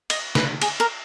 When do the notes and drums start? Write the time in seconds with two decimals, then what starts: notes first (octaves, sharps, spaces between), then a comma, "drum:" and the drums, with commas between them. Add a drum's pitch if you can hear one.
0.10 D#5, drum: cymbal
0.35 B4, drum: snare
0.62 G#4, drum: cymbal
0.80 A#4